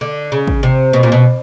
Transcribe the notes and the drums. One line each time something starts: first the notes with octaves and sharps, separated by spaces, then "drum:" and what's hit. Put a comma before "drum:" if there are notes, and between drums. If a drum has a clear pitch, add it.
D3
C#3
drum: kick
C3
B2
A#2
B2